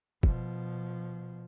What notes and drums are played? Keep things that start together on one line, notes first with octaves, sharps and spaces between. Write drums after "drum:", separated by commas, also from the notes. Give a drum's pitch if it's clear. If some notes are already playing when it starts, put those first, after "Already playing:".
B2 F3, drum: kick